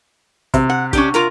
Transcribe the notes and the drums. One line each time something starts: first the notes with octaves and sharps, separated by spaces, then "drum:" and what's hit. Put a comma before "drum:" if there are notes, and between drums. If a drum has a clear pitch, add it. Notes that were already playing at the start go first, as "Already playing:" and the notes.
C3, drum: kick, hi-hat
F#5
C#4 D4 G4, drum: kick, hi-hat
F4 A#4 A#5, drum: hi-hat